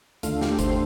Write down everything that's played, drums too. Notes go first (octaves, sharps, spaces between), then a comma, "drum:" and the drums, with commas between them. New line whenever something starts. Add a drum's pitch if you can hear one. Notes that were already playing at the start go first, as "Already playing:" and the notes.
D#2 D3 A3 F4, drum: hi-hat
G4, drum: snare
C5, drum: kick G1, hi-hat